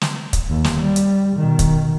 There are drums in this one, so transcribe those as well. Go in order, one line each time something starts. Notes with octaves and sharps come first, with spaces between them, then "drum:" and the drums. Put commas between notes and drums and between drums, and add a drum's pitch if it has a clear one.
drum: snare
drum: kick, hi-hat
D#2
drum: snare
G3
drum: hi-hat
B2 D#3
drum: kick, hi-hat